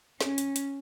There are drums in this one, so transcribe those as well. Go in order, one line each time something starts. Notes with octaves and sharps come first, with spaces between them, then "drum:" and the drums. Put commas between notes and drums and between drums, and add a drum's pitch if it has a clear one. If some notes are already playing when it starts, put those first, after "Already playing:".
C#4, drum: snare
drum: hi-hat
drum: hi-hat